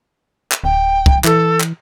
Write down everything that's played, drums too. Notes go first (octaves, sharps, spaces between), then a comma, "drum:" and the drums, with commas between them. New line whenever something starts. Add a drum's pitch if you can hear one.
drum: clap
D1 G5
drum: kick
E3 A4, drum: clap
drum: clap